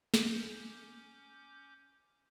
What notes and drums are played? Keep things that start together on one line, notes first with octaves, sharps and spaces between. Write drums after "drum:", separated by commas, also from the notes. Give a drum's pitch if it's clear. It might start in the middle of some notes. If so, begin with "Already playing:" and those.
C#4 D6 G6, drum: snare